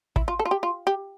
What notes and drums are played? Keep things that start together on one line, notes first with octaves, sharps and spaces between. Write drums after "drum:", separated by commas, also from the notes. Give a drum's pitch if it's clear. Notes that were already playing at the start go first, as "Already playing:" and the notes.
E4, drum: kick
F4
A4
F4
G4
F4
G4